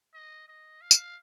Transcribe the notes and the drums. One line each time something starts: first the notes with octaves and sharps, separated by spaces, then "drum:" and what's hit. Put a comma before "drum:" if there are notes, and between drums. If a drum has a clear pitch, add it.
D#5
D#5
F5
drum: tambourine